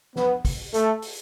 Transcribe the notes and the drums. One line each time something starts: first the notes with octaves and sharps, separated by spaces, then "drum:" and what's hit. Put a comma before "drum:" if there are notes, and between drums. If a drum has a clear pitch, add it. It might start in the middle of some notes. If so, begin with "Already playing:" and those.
B3, drum: snare
drum: kick, open hi-hat
A3, drum: hi-hat
drum: open hi-hat